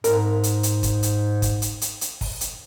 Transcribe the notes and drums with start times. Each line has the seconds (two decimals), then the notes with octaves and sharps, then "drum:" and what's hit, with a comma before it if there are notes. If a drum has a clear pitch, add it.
0.04 G#2 A#4, drum: hi-hat
0.44 drum: hi-hat
0.63 drum: hi-hat
0.83 drum: kick, hi-hat
1.03 drum: hi-hat
1.42 drum: kick, hi-hat
1.62 drum: hi-hat
1.82 drum: hi-hat
2.01 drum: hi-hat
2.21 drum: kick, open hi-hat
2.41 drum: hi-hat